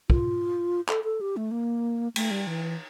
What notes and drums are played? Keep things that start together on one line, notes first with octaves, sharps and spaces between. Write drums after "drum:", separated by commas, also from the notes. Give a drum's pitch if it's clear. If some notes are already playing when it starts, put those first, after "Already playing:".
F4, drum: kick
A4, drum: clap
A4
G4
A3
A#3
A3, drum: cymbal
G3
E3